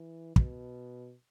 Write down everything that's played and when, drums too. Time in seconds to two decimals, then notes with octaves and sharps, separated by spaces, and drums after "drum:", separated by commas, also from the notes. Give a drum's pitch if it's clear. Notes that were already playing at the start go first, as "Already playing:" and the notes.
Already playing: E3
0.36 B2, drum: kick